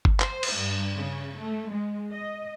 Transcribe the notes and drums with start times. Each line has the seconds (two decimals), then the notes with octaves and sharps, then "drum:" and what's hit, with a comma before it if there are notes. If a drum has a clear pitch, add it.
0.05 drum: kick G1
0.20 C5, drum: clap
0.43 drum: cymbal
0.54 G2
0.96 C#3
1.37 A3
1.70 G#3
2.12 D#5